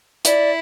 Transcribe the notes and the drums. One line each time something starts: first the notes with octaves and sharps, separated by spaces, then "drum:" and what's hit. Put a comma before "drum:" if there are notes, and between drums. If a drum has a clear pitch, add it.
E4 D5, drum: hi-hat